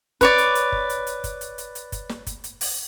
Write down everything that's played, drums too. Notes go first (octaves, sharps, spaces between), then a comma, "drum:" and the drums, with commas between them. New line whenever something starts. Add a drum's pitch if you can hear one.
B4 C#5 D5, drum: kick F#1, hi-hat
drum: hi-hat
drum: hi-hat
drum: kick F#1
drum: hi-hat
drum: hi-hat
drum: kick F#1, hi-hat
drum: hi-hat
drum: hi-hat
drum: hi-hat
drum: kick F#1, hi-hat
drum: snare
drum: kick F#1, hi-hat
drum: hi-hat
drum: open hi-hat